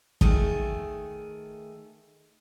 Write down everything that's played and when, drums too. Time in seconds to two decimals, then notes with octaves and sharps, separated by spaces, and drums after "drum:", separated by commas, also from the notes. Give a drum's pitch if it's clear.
0.21 D#3 A3 G#4, drum: kick